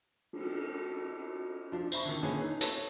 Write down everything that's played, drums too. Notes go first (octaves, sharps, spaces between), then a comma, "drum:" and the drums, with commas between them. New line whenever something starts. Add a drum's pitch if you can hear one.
drum: cymbal
F3 D4
C5 E5 B5 C#6, drum: tambourine
D3 D#3
A#1 D3 G#4 B4 C#5
D#4 B4
A4 B4 C#5 A5, drum: hi-hat